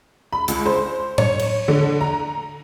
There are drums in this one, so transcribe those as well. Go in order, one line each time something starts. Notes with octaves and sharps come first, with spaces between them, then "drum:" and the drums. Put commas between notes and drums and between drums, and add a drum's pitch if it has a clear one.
B5
C#2, drum: hi-hat
C5
C#5, drum: tom A2
drum: cymbal
D3
A#5